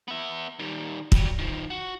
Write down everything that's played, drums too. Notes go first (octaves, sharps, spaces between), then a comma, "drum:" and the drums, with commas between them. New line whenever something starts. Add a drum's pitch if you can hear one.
B3 E5
D#3 G3
F#3 G3, drum: kick
D#3 F3
F#4